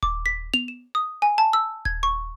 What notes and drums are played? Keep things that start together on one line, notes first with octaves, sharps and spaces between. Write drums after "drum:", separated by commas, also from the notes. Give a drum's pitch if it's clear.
D6, drum: kick D#1
B6
F7, drum: tom B3
E7
D#6
G#5
A5
E6
G#6, drum: kick D#1
C#6